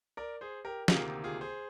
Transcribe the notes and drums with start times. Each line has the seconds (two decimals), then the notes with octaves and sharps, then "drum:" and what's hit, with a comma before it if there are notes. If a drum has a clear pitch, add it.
0.17 A#4 D5
0.41 G#4 C5
0.65 G4 A#4
0.88 D2 C3 D#3 A#3 F4 G#4, drum: snare
1.24 F4 G#4
1.41 G#4 C5